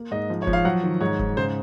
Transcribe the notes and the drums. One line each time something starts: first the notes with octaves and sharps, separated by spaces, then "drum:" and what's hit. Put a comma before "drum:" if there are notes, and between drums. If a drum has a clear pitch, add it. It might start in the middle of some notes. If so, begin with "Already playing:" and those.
Already playing: A#3
G#2 D#5
F3
C#5
F3, drum: kick F1
F5
F#3 F#5
D#3
G#2 C#5
G#2, drum: kick F1
C#3 C5